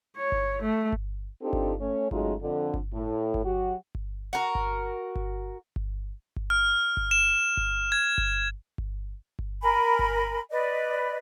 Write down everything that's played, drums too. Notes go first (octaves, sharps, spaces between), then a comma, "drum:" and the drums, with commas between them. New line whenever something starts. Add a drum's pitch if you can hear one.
C#5
drum: kick G1
A3
drum: kick G1
C4 D4 D#4 F4 G4 A4
drum: kick G1
A3 C#4 C#5
F#3 G#3 A3 C#4 D#4 F4, drum: kick G1
F2 D3
drum: kick G1
A2
drum: kick G1
F#3 F#4 G4
drum: kick G1
F#4 A#4
drum: kick G1
drum: kick G1
drum: kick G1
drum: kick G1
F6
drum: kick G1
E7
drum: kick G1
G#6
drum: kick G1
drum: kick G1
drum: kick G1
A#4 G#5 B5
drum: kick G1
B4 D5 D#5